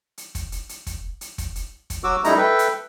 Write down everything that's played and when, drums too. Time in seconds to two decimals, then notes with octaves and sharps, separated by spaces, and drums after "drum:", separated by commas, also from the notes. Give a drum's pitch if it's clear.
0.18 drum: hi-hat
0.35 drum: kick, hi-hat
0.52 drum: hi-hat
0.69 drum: hi-hat
0.86 drum: kick, hi-hat
1.21 drum: hi-hat
1.38 drum: kick, hi-hat
1.55 drum: hi-hat
1.90 drum: kick, hi-hat
2.04 F#3 F#4 D6 E6
2.24 F#2 G3 A3 D#4 E4 A#5, drum: hi-hat
2.38 A4 B4 E5 G5
2.59 drum: hi-hat